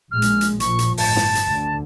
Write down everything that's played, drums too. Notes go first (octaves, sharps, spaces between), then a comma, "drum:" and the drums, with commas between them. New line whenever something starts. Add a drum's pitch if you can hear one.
A#1 A#2 G#3 F6
drum: hi-hat
drum: hi-hat
A#2 F3 C#6, drum: hi-hat
drum: hi-hat
G1 A2 A5, drum: open hi-hat
drum: snare
drum: hi-hat
D2 D3